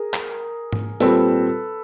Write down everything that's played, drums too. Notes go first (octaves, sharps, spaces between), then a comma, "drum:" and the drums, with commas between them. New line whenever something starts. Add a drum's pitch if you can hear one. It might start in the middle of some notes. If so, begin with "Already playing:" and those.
Already playing: G#4 A#4
drum: clap
drum: tom G#2
A#2 G3 C4 A4 B4, drum: open hi-hat